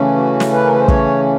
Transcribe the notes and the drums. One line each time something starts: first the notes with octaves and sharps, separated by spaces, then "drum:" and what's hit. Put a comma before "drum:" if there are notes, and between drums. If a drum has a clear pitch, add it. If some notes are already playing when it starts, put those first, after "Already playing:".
Already playing: C#3 E3 A3 C#4
F#4
drum: snare
B4
A#4
B4
C5
C#5, drum: kick